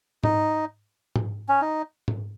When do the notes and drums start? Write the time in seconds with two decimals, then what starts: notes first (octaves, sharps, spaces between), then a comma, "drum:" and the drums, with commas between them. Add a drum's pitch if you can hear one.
0.24 D#4, drum: tom G#2
1.16 drum: tom G#2
1.49 C#4
1.61 D#4
2.08 drum: tom G#2